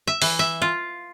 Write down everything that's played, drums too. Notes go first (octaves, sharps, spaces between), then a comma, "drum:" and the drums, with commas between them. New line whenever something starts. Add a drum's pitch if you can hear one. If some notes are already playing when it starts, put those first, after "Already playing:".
E5
E3, drum: open hi-hat
E5
F4